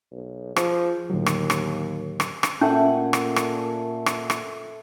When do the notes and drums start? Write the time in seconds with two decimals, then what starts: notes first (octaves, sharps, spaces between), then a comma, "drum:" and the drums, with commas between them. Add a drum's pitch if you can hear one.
0.12 B1
0.56 F3 G#4, drum: rim click
1.10 D#2 A2 D3 F#3
1.26 drum: rim click
1.50 drum: rim click
2.20 drum: rim click
2.43 drum: rim click
2.61 A#2 A3 C#4 F#5 G#5
3.13 drum: rim click
3.36 drum: rim click
4.06 drum: rim click
4.30 drum: rim click